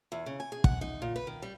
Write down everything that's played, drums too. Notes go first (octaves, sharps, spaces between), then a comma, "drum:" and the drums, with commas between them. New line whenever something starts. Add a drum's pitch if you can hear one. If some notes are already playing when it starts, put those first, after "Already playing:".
E2
C#3
G#5
G#4
F#5, drum: kick
D#4
A#2
B4
D#3
G3